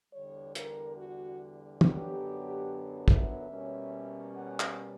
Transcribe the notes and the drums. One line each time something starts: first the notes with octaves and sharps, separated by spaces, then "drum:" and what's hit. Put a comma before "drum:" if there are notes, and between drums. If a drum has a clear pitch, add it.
E2 D3 G3 C#5
A#4, drum: hi-hat
F#4
F#2 D3 F#3 B3 D4 G4, drum: tom
E5, drum: kick
B2 G3 A#3 C#4
F#5
drum: clap